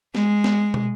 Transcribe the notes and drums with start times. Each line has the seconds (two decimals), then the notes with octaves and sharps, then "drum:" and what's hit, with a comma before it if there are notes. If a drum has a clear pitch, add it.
0.15 G#3, drum: snare
0.44 drum: snare
0.74 drum: tom